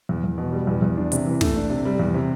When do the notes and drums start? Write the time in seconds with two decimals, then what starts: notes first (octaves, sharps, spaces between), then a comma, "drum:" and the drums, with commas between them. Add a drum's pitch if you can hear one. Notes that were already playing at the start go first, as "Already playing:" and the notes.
0.09 E2
0.24 E2
0.38 B2
0.52 G3
0.67 E2
0.82 E2
0.97 D4
1.12 C3, drum: hi-hat
1.27 E3
1.41 A3, drum: snare
1.56 D4
1.70 C3
1.85 G3
1.99 E2
2.14 C3